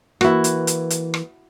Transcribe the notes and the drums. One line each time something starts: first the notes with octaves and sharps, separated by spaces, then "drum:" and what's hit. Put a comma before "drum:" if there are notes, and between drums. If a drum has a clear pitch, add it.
E3 A#3 E4 F#4, drum: rim click
drum: hi-hat
drum: hi-hat
drum: hi-hat
drum: rim click